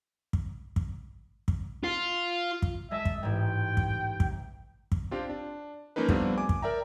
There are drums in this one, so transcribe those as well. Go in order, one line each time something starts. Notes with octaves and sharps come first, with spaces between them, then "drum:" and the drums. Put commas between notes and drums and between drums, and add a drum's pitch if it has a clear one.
drum: kick
drum: kick
drum: kick
F4
drum: kick
G#3 D#5 E5 A5
drum: kick
A1 G#2 G5
drum: kick
drum: kick
drum: kick
C4 D4 F4 G4
D4
F3 A#3 C#4 D#4 B4
F3 G3 A3 B3 C4 D4, drum: kick
G#5 D6
drum: kick
A#4 D5 E5 G5 A#5